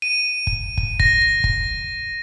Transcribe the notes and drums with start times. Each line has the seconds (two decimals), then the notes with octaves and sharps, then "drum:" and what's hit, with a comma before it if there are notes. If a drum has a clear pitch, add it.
0.02 D#7
0.47 drum: kick
0.77 drum: kick
1.00 A#6, drum: kick
1.22 A#6
1.44 drum: kick